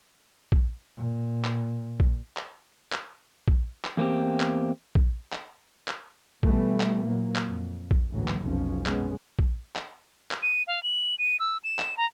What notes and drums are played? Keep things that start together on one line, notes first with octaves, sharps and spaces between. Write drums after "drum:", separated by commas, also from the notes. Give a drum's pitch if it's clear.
drum: kick
A#2
drum: clap
drum: kick
drum: clap
drum: clap
drum: kick
drum: clap
E2 A#3 C4 G4
drum: clap
drum: kick
drum: clap
drum: clap
B2 E3 G3 A3 B3, drum: kick
drum: clap
A#2 F#3 A#3
drum: clap
F2
drum: kick
A1 D2 G#2 E3 F#3 A#3
drum: clap
F1 B1 F2 B2 F3 C#4
F#2 B2 G#3 B3 C#4, drum: clap
drum: kick
drum: clap
drum: clap
D#7
F5
F#7
D#7
E6
E7
drum: clap
A#5